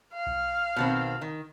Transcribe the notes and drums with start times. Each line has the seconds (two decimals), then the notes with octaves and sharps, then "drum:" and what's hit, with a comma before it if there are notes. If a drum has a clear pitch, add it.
0.14 F5
0.27 drum: kick B1
0.76 B2 D#3 C4
1.21 D#3